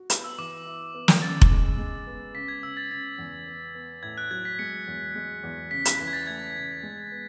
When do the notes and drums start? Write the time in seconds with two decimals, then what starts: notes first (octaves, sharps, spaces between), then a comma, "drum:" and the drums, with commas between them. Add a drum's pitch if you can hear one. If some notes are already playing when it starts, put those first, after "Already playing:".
Already playing: F#4
0.10 B3, drum: hi-hat
0.24 E6
0.38 E3 D6
0.66 E4
0.94 B3
1.08 drum: snare
1.22 C#3 A6
1.41 drum: kick F1
1.51 G#3
1.78 G#3
2.07 B3
2.34 C#3 B6
2.48 G#6
2.62 C#3 E6
2.77 A6
2.91 C#3 A6
3.18 E2
3.47 B3
3.75 B3
4.03 A2 G#6
4.18 F#6
4.31 F#3 G#6
4.45 B6
4.59 G#3 C#7
4.87 E2
5.15 G#3
5.43 E2
5.71 C#3 B6
5.85 B6, drum: hi-hat
5.99 E3 B6
6.08 G#6
6.13 A6
6.27 A3 G#6
6.56 C#3
6.83 G#3
7.12 B3